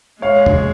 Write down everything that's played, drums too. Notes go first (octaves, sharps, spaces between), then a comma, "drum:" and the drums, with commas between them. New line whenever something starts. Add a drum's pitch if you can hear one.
G#3 C#5 F5
drum: tom